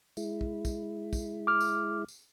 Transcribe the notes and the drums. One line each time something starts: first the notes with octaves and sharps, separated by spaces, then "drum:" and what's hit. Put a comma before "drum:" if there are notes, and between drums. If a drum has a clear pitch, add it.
G#3 E4, drum: tambourine
drum: kick
drum: kick, tambourine
drum: kick, tambourine
D6 F6
drum: tambourine
drum: tambourine